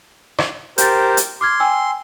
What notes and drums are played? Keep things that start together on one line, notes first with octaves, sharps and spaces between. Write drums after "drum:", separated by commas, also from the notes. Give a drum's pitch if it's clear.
drum: rim click
G4 A#4 C5 G6 A6, drum: hi-hat
drum: hi-hat
C6 D6 F6 G#6
G5 G#5 E6